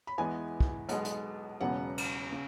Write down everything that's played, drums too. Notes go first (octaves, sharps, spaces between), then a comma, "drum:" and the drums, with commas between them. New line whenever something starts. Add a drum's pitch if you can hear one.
B5
E2 E3 G#3 B3 G#5
drum: kick
B1 B2 G#3 B3, drum: hi-hat
drum: hi-hat
E1 E2 C#3 F#3 B3 F#5
drum: cymbal
C#3